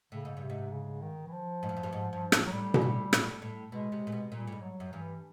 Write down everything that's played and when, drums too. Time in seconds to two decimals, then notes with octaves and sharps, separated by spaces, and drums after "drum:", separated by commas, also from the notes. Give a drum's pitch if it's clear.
0.12 A2 C#3
0.25 G#2
0.37 G2
0.43 C3
0.50 G#2
0.72 C#3
1.02 D#3
1.27 E3
1.33 F3
1.63 G#2
1.69 G2
1.77 F#2
1.83 G2
1.93 G#2
2.13 G2
2.32 A2, drum: rim click
2.47 F#3
2.52 A2 G3
2.74 G#2, drum: tom B2
2.82 A2
3.13 A2, drum: rim click
3.42 A2
3.72 B2 G#3
3.92 C3
4.07 A#2
4.12 B2
4.32 A#2 G3
4.47 A2
4.52 G#2
4.62 F#3
4.80 F#2
4.93 G2 E3